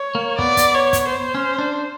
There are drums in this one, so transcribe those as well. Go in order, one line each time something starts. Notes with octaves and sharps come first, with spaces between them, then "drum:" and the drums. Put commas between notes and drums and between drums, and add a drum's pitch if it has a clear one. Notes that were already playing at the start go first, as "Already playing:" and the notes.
Already playing: C#5
A#3
B3 D5, drum: kick
drum: kick, hi-hat
C#5
drum: kick, hi-hat
C5
C#4
D4